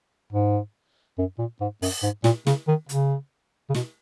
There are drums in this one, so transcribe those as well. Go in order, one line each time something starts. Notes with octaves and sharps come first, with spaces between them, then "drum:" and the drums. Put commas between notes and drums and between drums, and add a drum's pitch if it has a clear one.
G#2
F#2
A#2
G#2
F#2, drum: open hi-hat
G#2
A#2, drum: snare
C#3, drum: snare
D#3
C#3, drum: hi-hat
C#3
B2, drum: snare